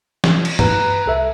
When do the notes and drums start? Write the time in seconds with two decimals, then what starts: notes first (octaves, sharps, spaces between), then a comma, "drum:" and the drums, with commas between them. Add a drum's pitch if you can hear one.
0.24 drum: snare
0.45 drum: cymbal
0.59 B4 A#5, drum: tom G2
1.06 C2 A4 E5